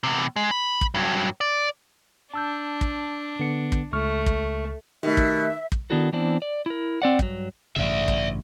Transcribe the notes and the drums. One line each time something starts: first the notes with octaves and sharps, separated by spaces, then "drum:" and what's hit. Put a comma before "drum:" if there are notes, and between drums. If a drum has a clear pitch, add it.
E2 C3
G#3
B5
drum: kick
G2 F#3
D5
D4 A5 E6 G6
drum: kick
D3 B3 C#7
drum: kick
C#2 A3 C#6 F6
drum: kick
B2 D#3 A3 D#4 G4 E5
drum: kick
drum: kick
D#3 B3 D4 E4 F#4 A4
E3 B3 C4 D4 E4
D5
E4 A#4
C4 D5 F#5
G2 F#3, drum: kick
A1 G2 C#3 D5 E5
drum: kick